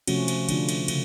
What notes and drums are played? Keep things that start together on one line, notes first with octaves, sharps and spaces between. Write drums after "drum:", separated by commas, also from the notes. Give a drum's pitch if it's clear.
C3 F3 A3 C#4 F#4, drum: cymbal
drum: cymbal
D3 F3 A3 D4 F4, drum: cymbal
drum: cymbal
C#3, drum: cymbal